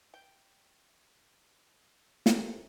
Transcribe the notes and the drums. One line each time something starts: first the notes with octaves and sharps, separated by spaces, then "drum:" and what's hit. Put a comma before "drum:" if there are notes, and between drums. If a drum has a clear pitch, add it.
G5
E3 C#4 G4 A4 A#4 C5, drum: snare